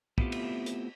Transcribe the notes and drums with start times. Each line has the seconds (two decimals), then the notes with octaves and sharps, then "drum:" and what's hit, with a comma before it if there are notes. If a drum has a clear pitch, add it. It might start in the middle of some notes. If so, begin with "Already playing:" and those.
0.18 A3 B3 C4 E4 F4 G4, drum: kick
0.32 drum: cymbal
0.66 drum: hi-hat